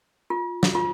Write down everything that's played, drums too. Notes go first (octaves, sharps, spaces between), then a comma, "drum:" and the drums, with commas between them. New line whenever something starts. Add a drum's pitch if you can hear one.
F4
drum: snare
F4